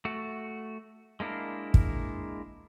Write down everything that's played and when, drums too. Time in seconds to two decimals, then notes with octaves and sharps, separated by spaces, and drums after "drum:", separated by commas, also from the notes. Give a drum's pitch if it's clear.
0.05 A3 F#4
1.20 G#3 A#3 D4 E4 A#4
1.74 drum: kick